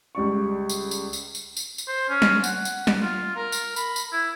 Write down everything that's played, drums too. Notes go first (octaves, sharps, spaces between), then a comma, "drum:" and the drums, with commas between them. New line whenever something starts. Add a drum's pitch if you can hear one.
C#2 G3 D5 C#6
drum: tambourine
drum: tambourine
drum: tambourine
drum: tambourine
drum: tambourine
drum: tambourine
C5
C#4
drum: snare
F#5, drum: tambourine
drum: tambourine
drum: snare
F4
A#4
drum: tambourine
B5, drum: tambourine
drum: tambourine
E4